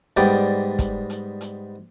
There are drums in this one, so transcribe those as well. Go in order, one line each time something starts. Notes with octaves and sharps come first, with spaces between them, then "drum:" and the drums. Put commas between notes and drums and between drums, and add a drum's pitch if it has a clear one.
G#2 G3 B3 D5 G5 D6, drum: hi-hat
drum: kick, hi-hat
drum: hi-hat
drum: hi-hat